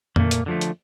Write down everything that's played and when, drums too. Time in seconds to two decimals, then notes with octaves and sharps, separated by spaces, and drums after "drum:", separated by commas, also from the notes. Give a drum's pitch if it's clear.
0.16 A#2 A3 A#3, drum: tom F2
0.31 drum: hi-hat
0.46 D3 F3 A3
0.61 drum: hi-hat